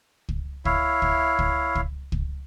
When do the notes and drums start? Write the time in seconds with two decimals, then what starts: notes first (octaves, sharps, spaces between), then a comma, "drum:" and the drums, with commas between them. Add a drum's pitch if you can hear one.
0.29 drum: kick
0.65 E4 C#5 E5 F5, drum: kick
1.02 drum: kick
1.39 drum: kick
1.75 drum: kick
2.12 drum: kick